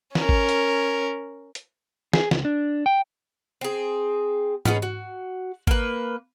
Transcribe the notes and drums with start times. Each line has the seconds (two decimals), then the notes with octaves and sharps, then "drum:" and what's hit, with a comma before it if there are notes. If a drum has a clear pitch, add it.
0.15 C#4 A#4, drum: snare
0.29 drum: kick G#1
0.49 drum: hi-hat
1.55 drum: hi-hat
2.13 G#4, drum: snare
2.31 C#2, drum: snare
2.45 D4
2.86 G5
3.61 C4 G#4
4.65 B3 C#4 D#4 G#4, drum: tom G#2
4.82 F#4
5.67 A#3 B4, drum: kick G#1